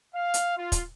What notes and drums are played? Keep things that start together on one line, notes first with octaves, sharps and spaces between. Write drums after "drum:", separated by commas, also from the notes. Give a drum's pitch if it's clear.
F5
drum: hi-hat
F4
drum: kick, hi-hat